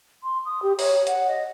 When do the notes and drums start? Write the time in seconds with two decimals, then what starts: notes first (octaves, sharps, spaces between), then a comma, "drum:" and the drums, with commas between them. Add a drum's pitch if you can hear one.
0.23 C6
0.45 D#6
0.62 G4
0.79 C#5, drum: open hi-hat
1.07 F#5, drum: hi-hat
1.28 D#5